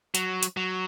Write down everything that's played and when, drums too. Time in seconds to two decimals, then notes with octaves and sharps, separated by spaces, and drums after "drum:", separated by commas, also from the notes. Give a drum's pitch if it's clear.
0.15 F#3, drum: hi-hat
0.43 drum: hi-hat
0.57 F#3